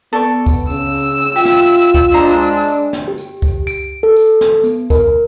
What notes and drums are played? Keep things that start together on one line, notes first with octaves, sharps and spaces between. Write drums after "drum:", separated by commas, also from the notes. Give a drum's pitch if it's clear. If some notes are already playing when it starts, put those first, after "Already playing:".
B3 A4 D5 C#6
drum: kick C#2, tambourine
C#3 E6, drum: tambourine
drum: tambourine
F4 G4 E5
drum: snare
drum: tambourine
drum: kick C#2, tambourine
G#3 D4 C5 D#5 A#5
drum: tambourine
drum: tambourine
drum: snare
G4
drum: tambourine
drum: kick C#2, tambourine
D7, drum: tambourine
A4
drum: tambourine
drum: snare
B3, drum: tambourine
A#4, drum: kick C#2, tambourine